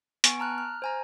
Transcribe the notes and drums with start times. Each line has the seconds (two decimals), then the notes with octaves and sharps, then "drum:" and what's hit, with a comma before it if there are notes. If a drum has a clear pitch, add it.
0.24 B3 G#5 C#6 D7, drum: hi-hat
0.39 A5 A#5 F6 F#6
0.58 F6
0.82 C5 G#5 A#5